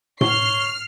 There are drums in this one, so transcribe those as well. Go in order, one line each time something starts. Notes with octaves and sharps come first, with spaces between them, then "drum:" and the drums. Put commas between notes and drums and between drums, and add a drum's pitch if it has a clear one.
C#5 F6 C7 G7, drum: tom A2